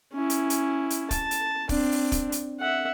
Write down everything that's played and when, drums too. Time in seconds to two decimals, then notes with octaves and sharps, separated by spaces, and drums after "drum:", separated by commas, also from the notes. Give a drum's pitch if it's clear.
0.13 C#4 E4
0.30 drum: hi-hat
0.50 drum: hi-hat
0.90 drum: hi-hat
1.11 A5, drum: kick, hi-hat
1.31 drum: hi-hat
1.69 C4 D4, drum: kick, open hi-hat
1.92 drum: open hi-hat
2.12 drum: kick, hi-hat
2.32 drum: hi-hat
2.60 E5 F#5